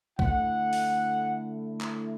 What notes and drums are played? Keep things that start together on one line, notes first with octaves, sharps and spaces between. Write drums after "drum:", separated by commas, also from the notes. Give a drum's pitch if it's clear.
D3 A3 E4 F#5, drum: kick C#2
drum: open hi-hat
drum: clap